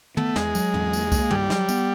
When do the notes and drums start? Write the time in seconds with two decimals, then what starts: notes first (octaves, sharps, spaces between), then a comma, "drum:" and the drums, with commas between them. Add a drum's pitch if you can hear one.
0.17 A3 B3, drum: tom
0.36 E2 G#3, drum: snare
0.55 F#3, drum: tambourine
0.74 E2, drum: tom
0.93 A#3, drum: tambourine
1.12 A#3, drum: kick C2, tambourine
1.30 G2 G3, drum: tom
1.50 F#3, drum: snare
1.69 B3, drum: tambourine